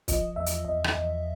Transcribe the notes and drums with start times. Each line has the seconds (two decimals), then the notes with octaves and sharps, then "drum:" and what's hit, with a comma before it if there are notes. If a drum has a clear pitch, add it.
0.08 F3 D#5, drum: kick, hi-hat
0.36 E2 E5
0.46 drum: hi-hat
0.65 E2 D#5
0.84 drum: rim click
0.94 E2